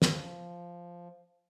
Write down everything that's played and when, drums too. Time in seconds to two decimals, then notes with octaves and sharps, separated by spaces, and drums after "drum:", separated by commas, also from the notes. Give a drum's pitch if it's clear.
0.02 F3, drum: snare